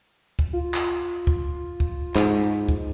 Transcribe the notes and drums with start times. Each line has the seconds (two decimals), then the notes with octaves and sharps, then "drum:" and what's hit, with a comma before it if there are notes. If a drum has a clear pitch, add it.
0.39 drum: kick
0.53 F4
0.74 drum: clap
1.27 drum: kick
1.80 drum: kick
2.16 G#2, drum: clap
2.69 drum: kick